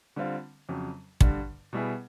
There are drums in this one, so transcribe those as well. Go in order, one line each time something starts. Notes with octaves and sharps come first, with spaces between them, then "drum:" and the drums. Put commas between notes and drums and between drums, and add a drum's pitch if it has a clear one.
D3 G3 C4 F4
F2 C#3 F#3
G2 D3 G3, drum: kick
B2 G3 B3 E4 G#4